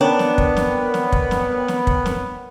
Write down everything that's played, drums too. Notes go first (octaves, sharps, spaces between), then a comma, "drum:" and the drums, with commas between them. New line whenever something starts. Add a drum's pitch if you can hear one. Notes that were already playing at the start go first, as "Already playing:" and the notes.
B3 D4 A#4 C#5 G5
drum: snare
drum: kick
drum: snare
drum: snare
drum: kick
drum: snare
drum: snare
drum: kick
drum: snare